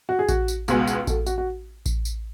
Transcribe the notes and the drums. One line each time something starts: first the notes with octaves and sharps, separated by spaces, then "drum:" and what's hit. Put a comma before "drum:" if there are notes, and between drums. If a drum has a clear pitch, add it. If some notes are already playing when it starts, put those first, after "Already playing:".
F#4
G#4
F#4, drum: kick A1, tambourine
drum: tambourine
C#2 B2 G#3 B3 F#4, drum: tambourine
drum: tambourine
F#4 A4, drum: kick A1, tambourine
F#4, drum: tambourine
F#4
drum: kick A1, tambourine
drum: tambourine